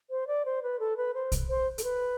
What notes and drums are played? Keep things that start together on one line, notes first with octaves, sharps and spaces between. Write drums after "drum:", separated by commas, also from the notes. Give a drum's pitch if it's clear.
C5
D5
C5
B4
A4
B4
C5
drum: kick, hi-hat
C5
A4, drum: hi-hat
B4